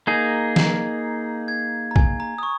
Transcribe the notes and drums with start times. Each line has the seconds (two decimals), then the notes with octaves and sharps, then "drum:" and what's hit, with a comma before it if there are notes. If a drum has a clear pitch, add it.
0.07 A#3 D#4 G#4 G#6
0.56 drum: snare
1.48 G#6
1.91 A#5
1.96 G#5, drum: kick
2.20 A#5
2.38 D#6
2.43 C#6